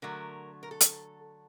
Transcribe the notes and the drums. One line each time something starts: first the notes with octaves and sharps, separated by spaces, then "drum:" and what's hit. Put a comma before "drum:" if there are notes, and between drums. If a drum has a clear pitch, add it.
D3 F#3 A3 A#4
A#4
A4
drum: hi-hat